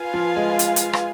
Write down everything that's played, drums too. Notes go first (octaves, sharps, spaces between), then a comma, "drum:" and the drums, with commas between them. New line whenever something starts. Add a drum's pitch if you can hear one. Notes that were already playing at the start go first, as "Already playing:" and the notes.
Already playing: F4 B4 F5 G#5
F3
G#3
drum: hi-hat
drum: hi-hat
drum: rim click